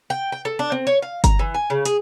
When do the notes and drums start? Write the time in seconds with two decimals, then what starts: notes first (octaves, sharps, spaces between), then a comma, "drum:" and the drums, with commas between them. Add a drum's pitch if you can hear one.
0.10 G5
0.32 G5
0.45 A4
0.59 D4
0.72 C4
0.87 C#5
1.02 F5
1.24 A#5, drum: kick G1, hi-hat
1.39 E3
1.54 G#5
1.70 C#3
1.85 G#4, drum: hi-hat